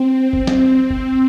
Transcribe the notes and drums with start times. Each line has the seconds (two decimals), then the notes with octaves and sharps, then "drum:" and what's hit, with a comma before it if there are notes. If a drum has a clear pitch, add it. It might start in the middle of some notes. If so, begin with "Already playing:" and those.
Already playing: C4
0.19 C4
0.33 drum: kick G1
0.47 drum: snare
0.90 drum: kick G1